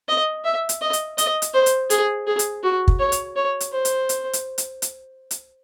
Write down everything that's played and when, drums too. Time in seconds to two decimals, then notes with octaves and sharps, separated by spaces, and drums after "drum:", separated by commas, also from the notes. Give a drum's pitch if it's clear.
0.08 D#5
0.45 E5
0.69 drum: hi-hat
0.82 D#5
0.93 drum: hi-hat
1.18 D#5, drum: hi-hat
1.42 drum: hi-hat
1.54 C5
1.66 drum: hi-hat
1.90 G#4, drum: hi-hat
2.27 G#4
2.39 drum: hi-hat
2.64 F#4
2.88 drum: kick
2.99 C#5
3.12 drum: hi-hat
3.36 C#5
3.60 drum: hi-hat
3.73 C5
3.85 drum: hi-hat
4.09 drum: hi-hat
4.33 drum: hi-hat
4.58 drum: hi-hat
4.82 drum: hi-hat
5.31 drum: hi-hat